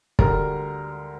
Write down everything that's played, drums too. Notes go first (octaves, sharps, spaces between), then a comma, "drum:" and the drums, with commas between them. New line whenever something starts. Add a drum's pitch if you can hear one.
D2 D3 G3 A#4 A#5, drum: kick